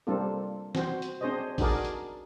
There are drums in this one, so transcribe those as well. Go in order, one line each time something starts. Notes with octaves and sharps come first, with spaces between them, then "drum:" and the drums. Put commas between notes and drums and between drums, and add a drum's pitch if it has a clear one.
G3 A#3 C4 D4 F4 A4
C4 F#4 C5, drum: snare
drum: hi-hat
C4 D4 G#4 C5 C#5 D#5
D4 D#4 F#4 G#4 A#4 D5, drum: kick A1, open hi-hat
drum: hi-hat